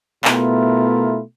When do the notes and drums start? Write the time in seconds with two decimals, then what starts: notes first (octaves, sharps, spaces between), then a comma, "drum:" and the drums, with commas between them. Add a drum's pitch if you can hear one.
0.24 B2 A3 B3 E4 F4 A#4, drum: clap